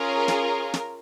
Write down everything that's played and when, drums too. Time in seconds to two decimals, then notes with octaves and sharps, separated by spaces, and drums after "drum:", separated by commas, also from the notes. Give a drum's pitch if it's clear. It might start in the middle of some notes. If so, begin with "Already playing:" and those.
Already playing: C#4 F4 G#4 A#4
0.28 drum: snare
0.74 drum: snare